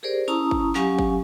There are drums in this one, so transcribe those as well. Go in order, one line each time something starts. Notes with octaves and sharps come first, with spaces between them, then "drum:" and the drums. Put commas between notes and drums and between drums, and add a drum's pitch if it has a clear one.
G4 G#4 A#4 C5 D5
C#4 E4 A5 A#5 C#6 D#6
drum: kick G1
F#3 C#4 G4 F5 G#5 C#6, drum: clap
drum: kick G1